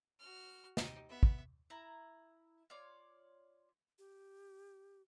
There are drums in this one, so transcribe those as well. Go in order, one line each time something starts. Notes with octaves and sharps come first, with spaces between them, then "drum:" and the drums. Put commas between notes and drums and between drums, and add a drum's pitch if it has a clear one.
F#4 F6
D#4 G4, drum: snare
B3 E5
drum: kick
E4 A#5
F4 C#5 D5
G4